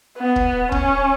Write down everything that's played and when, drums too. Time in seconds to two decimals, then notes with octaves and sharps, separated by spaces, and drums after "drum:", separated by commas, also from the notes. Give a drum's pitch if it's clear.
0.17 B3
0.36 drum: kick
0.72 C#4, drum: kick